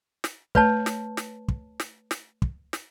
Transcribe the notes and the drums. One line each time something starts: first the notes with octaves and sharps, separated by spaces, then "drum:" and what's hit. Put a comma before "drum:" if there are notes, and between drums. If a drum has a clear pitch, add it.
drum: snare
A3 B4 C#5 A5, drum: kick
drum: snare
drum: snare
drum: kick
drum: snare
drum: snare
drum: kick
drum: snare